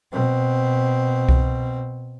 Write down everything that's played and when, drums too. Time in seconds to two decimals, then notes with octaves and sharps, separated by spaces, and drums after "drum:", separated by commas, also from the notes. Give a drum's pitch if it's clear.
0.12 B2 C4
1.29 drum: kick C2